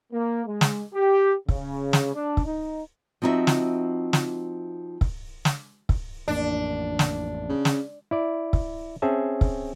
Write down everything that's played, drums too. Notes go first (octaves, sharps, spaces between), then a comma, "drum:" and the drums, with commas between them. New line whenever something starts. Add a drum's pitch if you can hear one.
A#3
G#3
drum: snare
G4
C#3, drum: kick
drum: snare
D4
drum: kick
D#4
F3 C4 D#4 E4 F#4 E5
drum: snare
drum: snare
drum: kick
drum: snare
drum: kick
A1 F2 A#3 D4
drum: snare
C#3
drum: snare
E4 D5
drum: kick
C4 C#4 G#4 E5 A5
drum: kick